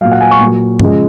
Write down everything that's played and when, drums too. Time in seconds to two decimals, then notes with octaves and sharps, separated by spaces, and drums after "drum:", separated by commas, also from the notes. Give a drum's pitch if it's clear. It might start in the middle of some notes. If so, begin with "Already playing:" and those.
0.01 A#2 F#3 F5
0.11 F#5
0.21 G#5
0.31 C#6
0.40 A#2
0.45 F#3
0.79 C#3 F3 G#3, drum: tom G2